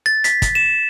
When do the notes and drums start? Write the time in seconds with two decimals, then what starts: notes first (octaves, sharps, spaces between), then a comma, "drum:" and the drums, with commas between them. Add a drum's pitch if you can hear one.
0.06 A6
0.24 B6, drum: hi-hat
0.42 drum: kick, hi-hat
0.55 E7